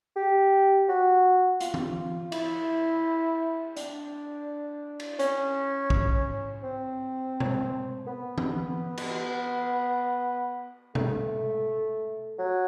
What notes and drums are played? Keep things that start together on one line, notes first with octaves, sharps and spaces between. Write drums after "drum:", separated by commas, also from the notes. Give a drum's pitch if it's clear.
G4
F#4
F4, drum: hi-hat
drum: tom
E4, drum: cymbal
D4, drum: hi-hat
drum: cymbal
C#4, drum: hi-hat
drum: kick
C4
drum: tom B2
B3
drum: tom
drum: cymbal
A3, drum: tom B2
F#3